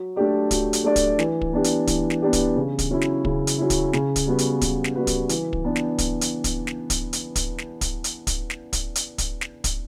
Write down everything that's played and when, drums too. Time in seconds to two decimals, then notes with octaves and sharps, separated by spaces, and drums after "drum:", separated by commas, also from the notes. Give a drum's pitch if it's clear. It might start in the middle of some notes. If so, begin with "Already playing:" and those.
Already playing: F#3
0.16 A3 D4 G4 D5
0.51 F#3, drum: kick, hi-hat
0.73 drum: hi-hat
0.84 A3 D4 G4 D5
0.96 drum: kick, hi-hat
1.19 E3, drum: snare
1.41 drum: kick
1.53 B3 D4 G4
1.64 drum: hi-hat
1.87 E3, drum: kick, hi-hat
2.10 drum: snare
2.22 B3 D4 G4
2.33 drum: kick, hi-hat
2.56 C#3
2.79 drum: kick, hi-hat
2.91 F#3 C#4 E4
3.01 drum: snare
3.25 C#3, drum: kick
3.47 drum: hi-hat
3.58 F#3 C#4 E4
3.70 drum: kick, hi-hat
3.93 C#3, drum: snare
4.16 drum: kick, hi-hat
4.26 G3 B3 F#4 B4
4.38 drum: hi-hat
4.61 C#3, drum: kick, hi-hat
4.84 drum: snare
4.95 G3 B3 F#4 B4
5.07 drum: kick, hi-hat
5.29 E3, drum: hi-hat
5.53 drum: kick
5.64 B3 D4
5.76 drum: snare
5.98 drum: kick, hi-hat
6.21 drum: hi-hat
6.44 drum: kick, hi-hat
6.67 drum: snare
6.90 drum: kick, hi-hat
7.13 drum: hi-hat
7.36 drum: kick, hi-hat
7.58 drum: snare
7.81 drum: kick, hi-hat
8.04 drum: hi-hat
8.27 drum: kick, hi-hat
8.50 drum: snare
8.73 drum: kick, hi-hat
8.95 drum: hi-hat
9.18 drum: kick, hi-hat
9.41 drum: snare
9.64 drum: kick, hi-hat